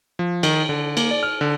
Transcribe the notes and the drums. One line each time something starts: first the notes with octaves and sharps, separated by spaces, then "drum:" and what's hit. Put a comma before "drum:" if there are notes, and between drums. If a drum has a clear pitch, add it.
F3
D#3, drum: cymbal
D3
A#3, drum: cymbal
D5
F6
D3